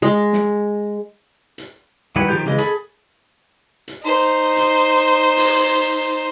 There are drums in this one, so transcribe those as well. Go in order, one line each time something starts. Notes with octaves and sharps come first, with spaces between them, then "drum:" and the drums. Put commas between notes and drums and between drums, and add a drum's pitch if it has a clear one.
G#3, drum: hi-hat
drum: snare
drum: hi-hat
D#3 G3 E4 F#4 B4
D#3 F3 F4 G4 G6
C#3 E3 G#3 D#5
G#4 A4 B5, drum: hi-hat
drum: hi-hat
D#4 C5
drum: hi-hat
drum: open hi-hat